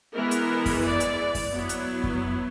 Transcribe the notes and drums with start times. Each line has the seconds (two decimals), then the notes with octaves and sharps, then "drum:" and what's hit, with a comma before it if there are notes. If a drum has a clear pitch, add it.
0.13 E3 G#3 B3 E4 A#4
0.31 drum: hi-hat
0.66 drum: kick F#2, open hi-hat
0.83 D5
1.00 drum: hi-hat
1.35 drum: kick F#2, open hi-hat
1.51 F#3 B3 E4
1.69 drum: hi-hat
2.04 drum: kick F#2